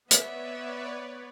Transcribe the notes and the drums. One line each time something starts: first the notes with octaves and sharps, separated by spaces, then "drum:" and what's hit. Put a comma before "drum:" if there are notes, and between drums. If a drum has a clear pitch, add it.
B3 B4 C#5 D5 E5, drum: hi-hat